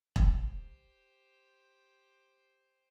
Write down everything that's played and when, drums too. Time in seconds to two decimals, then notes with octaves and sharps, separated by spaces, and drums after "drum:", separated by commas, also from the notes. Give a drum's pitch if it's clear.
0.16 G4 C5, drum: kick E1